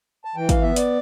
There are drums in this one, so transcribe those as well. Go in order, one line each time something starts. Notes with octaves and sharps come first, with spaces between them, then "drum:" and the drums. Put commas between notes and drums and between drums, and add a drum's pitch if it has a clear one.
A5
E3 G5
F5, drum: kick, hi-hat
B3 E5
D5, drum: hi-hat